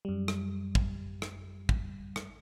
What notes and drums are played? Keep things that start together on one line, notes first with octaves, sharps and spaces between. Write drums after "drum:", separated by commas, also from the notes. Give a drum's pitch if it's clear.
F#2 G3
drum: rim click
drum: kick
drum: rim click
drum: kick
drum: rim click